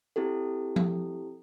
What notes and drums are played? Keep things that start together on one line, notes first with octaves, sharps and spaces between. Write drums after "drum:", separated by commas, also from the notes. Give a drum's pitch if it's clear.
C4 E4 G4 A4
drum: tom F3